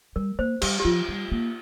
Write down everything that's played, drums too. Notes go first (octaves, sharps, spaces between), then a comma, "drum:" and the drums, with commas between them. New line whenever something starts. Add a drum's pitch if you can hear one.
G3 A#4
A#3 C5
G3 G4, drum: cymbal
G4
F3 F4
G3
A#3